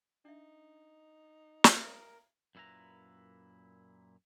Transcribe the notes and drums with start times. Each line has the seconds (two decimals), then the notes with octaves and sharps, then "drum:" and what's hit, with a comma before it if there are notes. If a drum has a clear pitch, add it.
0.25 D4 D#4 E5
1.64 A#4, drum: snare
2.55 F#2 A#2 E4 B4 A#5